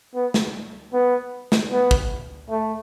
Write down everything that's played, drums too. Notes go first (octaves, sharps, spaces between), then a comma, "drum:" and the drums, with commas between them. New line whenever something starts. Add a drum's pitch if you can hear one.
B3
drum: snare
B3
drum: snare
B3
drum: kick
A3